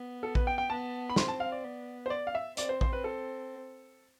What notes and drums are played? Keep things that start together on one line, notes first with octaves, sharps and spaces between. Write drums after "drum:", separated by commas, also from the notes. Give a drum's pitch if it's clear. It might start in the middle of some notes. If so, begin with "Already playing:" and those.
Already playing: B3
A4
B4, drum: kick A#1
G5
G5
B3 A5
B5
C4 C6, drum: snare
A5
F5
D5
B3
C5
D5
F5
E5
C4 D5, drum: hi-hat
C5
C5, drum: kick A#1
B4
A4